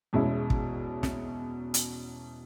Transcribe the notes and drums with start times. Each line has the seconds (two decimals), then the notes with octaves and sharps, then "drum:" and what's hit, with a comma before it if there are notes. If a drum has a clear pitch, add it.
0.13 E2 B2 G#3 C#4 E4
0.50 drum: kick
1.03 drum: snare
1.74 drum: hi-hat